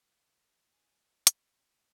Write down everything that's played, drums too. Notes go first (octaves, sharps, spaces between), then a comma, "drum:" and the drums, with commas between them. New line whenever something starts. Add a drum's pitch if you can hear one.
F5
G#5
drum: hi-hat
G5
G#5